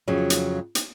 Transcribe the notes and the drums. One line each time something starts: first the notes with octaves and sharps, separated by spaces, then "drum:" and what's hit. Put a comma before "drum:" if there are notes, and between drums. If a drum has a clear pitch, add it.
F2 C#3 F#3
drum: hi-hat
drum: hi-hat